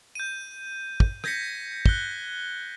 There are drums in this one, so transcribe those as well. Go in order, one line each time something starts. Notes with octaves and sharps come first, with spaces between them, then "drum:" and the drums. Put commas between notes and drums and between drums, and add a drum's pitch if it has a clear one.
G6 D#7
drum: kick
G6 G#6 A#6 B6 C#7, drum: rim click
F#6 G7, drum: kick